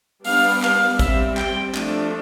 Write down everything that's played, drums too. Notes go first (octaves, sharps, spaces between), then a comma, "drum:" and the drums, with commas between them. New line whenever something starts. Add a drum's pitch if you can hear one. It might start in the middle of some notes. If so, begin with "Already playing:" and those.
G3 B3 D4 F5, drum: open hi-hat
F5, drum: clap
G3 C4 E5, drum: kick, hi-hat
G5, drum: clap
F3 A3 D4, drum: clap